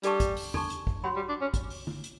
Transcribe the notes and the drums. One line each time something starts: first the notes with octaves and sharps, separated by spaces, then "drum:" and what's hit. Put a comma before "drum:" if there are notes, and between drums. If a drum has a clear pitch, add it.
G3 D4 A4 D5 A5 C#6, drum: hi-hat
drum: kick, hi-hat
drum: open hi-hat
D4 A4 D5 A5 C#6, drum: tom E2
drum: hi-hat
drum: kick
F#3 F#4 C#5 G5 B5
G3
D4
C#4
drum: kick, hi-hat
drum: open hi-hat
drum: tom D3
drum: hi-hat